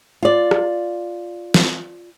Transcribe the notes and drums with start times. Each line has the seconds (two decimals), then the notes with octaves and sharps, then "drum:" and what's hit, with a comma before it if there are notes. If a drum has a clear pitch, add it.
0.23 F4 D5
0.51 drum: rim click
1.54 drum: snare